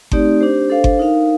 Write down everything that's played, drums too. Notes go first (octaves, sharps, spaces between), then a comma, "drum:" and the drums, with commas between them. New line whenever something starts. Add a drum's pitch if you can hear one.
A3 C4 D#4 G4 D5, drum: kick G1
D4 G4 C5
D4 A4 C5 F5
drum: kick G1
D#4 A#4 F5